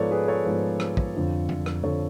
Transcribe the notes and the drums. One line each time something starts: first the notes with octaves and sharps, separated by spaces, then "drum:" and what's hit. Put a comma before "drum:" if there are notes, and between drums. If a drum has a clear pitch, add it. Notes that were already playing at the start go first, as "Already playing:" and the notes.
Already playing: G#2 F3 B3 A4 B4 C#5 D5
G#4 B4
A4 C#5
G#2 F3 B3
drum: rim click
drum: kick
F2 D3 F3
drum: tom F2
drum: rim click
F2 D3 F3 A4 C#5